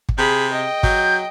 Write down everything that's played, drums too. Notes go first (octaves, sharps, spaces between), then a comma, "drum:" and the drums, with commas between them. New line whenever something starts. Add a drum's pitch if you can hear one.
drum: kick
C3 G#4 B5
D#5 G5
F#3 G6, drum: kick